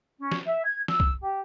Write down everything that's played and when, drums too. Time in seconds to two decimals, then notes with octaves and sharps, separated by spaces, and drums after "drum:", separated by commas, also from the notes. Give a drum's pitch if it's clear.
0.18 C#4
0.32 drum: snare
0.46 E5
0.63 G#6
0.88 E6, drum: snare
1.00 drum: kick
1.20 G4